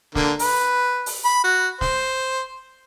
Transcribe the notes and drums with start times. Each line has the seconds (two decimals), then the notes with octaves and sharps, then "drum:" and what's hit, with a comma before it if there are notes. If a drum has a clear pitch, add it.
0.15 D3 A#3, drum: snare
0.39 B4, drum: open hi-hat
1.06 drum: open hi-hat
1.25 B5
1.44 F#4
1.81 C5, drum: snare